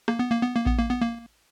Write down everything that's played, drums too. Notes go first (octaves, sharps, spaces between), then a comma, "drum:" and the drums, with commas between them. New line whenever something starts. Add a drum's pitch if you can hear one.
A#3, drum: rim click
B3
A#3
B3
A#3
B3, drum: kick A1
A#3
B3
A#3